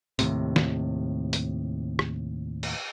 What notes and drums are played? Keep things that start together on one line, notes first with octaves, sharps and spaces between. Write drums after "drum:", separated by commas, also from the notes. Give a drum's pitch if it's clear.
D#2 A2 C3, drum: hi-hat
drum: snare
drum: hi-hat
drum: rim click
drum: cymbal